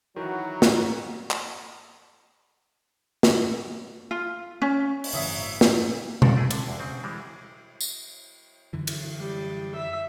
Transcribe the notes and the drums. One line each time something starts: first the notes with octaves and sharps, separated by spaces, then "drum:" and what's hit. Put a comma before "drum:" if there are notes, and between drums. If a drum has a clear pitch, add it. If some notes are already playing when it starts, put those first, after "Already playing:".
D#3 E3 F#3 E4 F#4 A#5
drum: snare
drum: clap
drum: snare
F4
C#4
drum: open hi-hat
G1 A2 C#3 E3 F#3 E5 D#6
drum: snare
G#1 F2 F#4 A4 D5 F5, drum: tom B2
A3 E4 G#4
D3, drum: cymbal
E2
C#3 C4
E3 G3 G#3
drum: tambourine
F#2 D3 E3
drum: cymbal
G3
E5